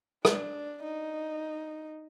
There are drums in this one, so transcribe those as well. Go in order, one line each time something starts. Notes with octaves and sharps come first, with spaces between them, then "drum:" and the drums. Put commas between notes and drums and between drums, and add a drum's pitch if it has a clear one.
D4, drum: rim click
D#4